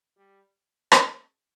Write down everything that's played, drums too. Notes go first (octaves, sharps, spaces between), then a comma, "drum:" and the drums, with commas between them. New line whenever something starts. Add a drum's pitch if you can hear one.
G3
G#3, drum: rim click